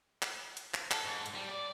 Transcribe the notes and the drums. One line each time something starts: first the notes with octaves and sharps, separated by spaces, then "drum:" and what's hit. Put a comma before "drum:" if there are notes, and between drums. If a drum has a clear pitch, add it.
drum: clap
drum: hi-hat
drum: clap
A4, drum: clap
G#2
drum: hi-hat
G3
D5